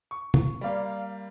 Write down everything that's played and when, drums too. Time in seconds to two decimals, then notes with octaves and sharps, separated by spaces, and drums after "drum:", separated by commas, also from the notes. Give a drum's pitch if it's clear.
0.11 C#6
0.34 drum: tom
0.61 G3 A#3 D5 F5